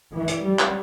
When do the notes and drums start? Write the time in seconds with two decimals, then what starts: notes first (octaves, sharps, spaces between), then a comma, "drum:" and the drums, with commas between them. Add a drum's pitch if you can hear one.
0.12 E3
0.28 drum: hi-hat
0.44 G3
0.59 drum: clap